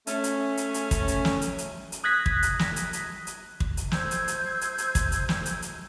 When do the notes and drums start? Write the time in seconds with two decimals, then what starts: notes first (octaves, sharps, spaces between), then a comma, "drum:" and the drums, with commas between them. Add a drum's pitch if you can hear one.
0.07 A3 C#4, drum: hi-hat
0.24 drum: hi-hat
0.57 drum: hi-hat
0.74 drum: hi-hat
0.91 drum: kick, hi-hat
1.08 drum: hi-hat
1.25 drum: snare
1.42 drum: hi-hat
1.58 drum: hi-hat
1.92 drum: hi-hat
2.04 D#6 F#6 G#6 A#6 B6
2.26 drum: kick
2.43 drum: hi-hat
2.59 drum: snare
2.76 drum: hi-hat
2.93 drum: hi-hat
3.27 drum: hi-hat
3.60 drum: kick
3.77 drum: hi-hat
3.92 C5 E6 G6 G#6, drum: snare
4.11 drum: hi-hat
4.28 drum: hi-hat
4.61 drum: hi-hat
4.78 drum: hi-hat
4.95 drum: kick, hi-hat
5.12 drum: hi-hat
5.29 drum: snare
5.46 drum: hi-hat
5.62 drum: hi-hat